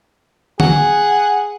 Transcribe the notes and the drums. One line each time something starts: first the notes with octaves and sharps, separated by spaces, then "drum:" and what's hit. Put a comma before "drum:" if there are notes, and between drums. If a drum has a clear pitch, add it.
G#4 F#5, drum: tom D3